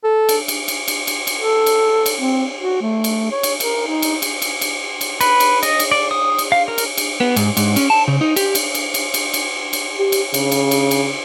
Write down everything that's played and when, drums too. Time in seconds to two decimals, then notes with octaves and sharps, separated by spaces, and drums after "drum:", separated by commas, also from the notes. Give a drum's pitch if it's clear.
0.04 A4
0.29 drum: cymbal
0.48 drum: cymbal
0.68 drum: cymbal
0.88 drum: cymbal
1.07 drum: cymbal
1.27 drum: cymbal
1.38 A4
1.66 drum: cymbal
2.06 drum: cymbal
2.21 C4
2.61 F#4
2.81 A3
3.04 drum: cymbal
3.31 C#5
3.43 drum: cymbal
3.60 A#4, drum: cymbal
3.87 D#4
4.02 drum: cymbal
4.22 drum: cymbal
4.42 drum: cymbal
4.61 drum: cymbal
5.01 drum: cymbal
5.21 B4, drum: cymbal
5.40 drum: cymbal
5.63 D#5, drum: cymbal
5.79 drum: cymbal
5.91 D5
6.11 D#6
6.38 drum: cymbal
6.52 F5
6.68 A#4
6.78 drum: cymbal
6.98 drum: cymbal
7.20 B3
7.36 G#2, drum: cymbal
7.57 G#2, drum: cymbal
7.76 C#4, drum: cymbal
7.90 A5
8.08 C#3
8.21 D#4
8.36 G4, drum: cymbal
8.55 drum: cymbal
8.75 drum: cymbal
8.94 drum: cymbal
9.14 drum: cymbal
9.34 drum: cymbal
9.73 drum: cymbal
9.98 G4
10.12 drum: cymbal
10.34 C#3, drum: cymbal
10.52 drum: cymbal
10.71 drum: cymbal
10.91 drum: cymbal